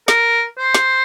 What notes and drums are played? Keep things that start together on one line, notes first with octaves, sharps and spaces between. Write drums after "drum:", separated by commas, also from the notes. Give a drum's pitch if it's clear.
A#4, drum: snare
C5
drum: snare